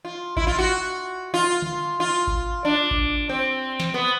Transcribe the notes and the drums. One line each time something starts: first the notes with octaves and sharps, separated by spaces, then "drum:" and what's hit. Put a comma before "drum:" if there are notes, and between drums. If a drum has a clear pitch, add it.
F4
E4, drum: kick G#1
F4
F#4
F4
drum: tom D3
F4
drum: kick G#1
D4
drum: kick G#1
C4
drum: snare
B3